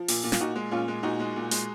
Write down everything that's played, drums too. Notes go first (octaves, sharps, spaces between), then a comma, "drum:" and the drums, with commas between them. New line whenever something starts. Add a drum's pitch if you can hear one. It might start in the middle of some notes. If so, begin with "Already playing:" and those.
Already playing: F3
A#2, drum: open hi-hat
A#2
F4, drum: snare
A#2 D#4 F#4
G#3
A#2 C#4 F4
G#3
A#2 D#4 F#4
G#3
A#2
G#3, drum: hi-hat